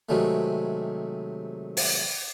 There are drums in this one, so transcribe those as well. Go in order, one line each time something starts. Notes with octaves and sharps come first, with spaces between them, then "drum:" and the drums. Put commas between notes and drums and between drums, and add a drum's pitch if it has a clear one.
C3 D#3 F#3 G#3 A3
drum: open hi-hat